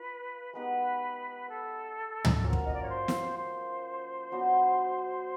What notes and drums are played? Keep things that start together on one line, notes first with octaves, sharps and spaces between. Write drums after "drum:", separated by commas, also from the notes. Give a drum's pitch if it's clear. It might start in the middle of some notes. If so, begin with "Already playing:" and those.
Already playing: F4 B4
G#3 B3 D#4 G4 B4
A4
drum: tom
F3 A#3 C#4 F#4 A#4
drum: kick
D#5
D5
C#5
C5
drum: snare
C5
F#3 B3 D4 F#4